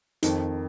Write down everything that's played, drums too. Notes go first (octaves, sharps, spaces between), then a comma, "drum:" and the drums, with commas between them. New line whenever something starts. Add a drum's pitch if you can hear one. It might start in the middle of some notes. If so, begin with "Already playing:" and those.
F2 D#3, drum: hi-hat